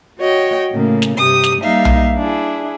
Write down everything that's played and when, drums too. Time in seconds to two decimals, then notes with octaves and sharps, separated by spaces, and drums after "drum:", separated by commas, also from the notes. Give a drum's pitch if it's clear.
0.19 F#4 C#5 D#5 G5
0.70 A2 C#3 A#3
1.02 drum: snare
1.17 G2 C3 G4 D#6
1.43 drum: snare
1.61 G3 A#3 D#4 E5 F5
1.85 drum: tom B1
2.16 D4 E4 G#4